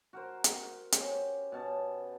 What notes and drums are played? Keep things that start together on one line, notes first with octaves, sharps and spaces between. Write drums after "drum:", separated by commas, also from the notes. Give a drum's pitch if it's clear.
F#4 A#4 C5
drum: hi-hat
C#4 G4 C5, drum: hi-hat
B2 C#4 A5